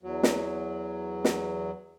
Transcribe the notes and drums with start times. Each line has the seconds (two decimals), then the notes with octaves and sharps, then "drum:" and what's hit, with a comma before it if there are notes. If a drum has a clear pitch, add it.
0.03 E2 F#3
0.23 drum: snare
1.24 drum: snare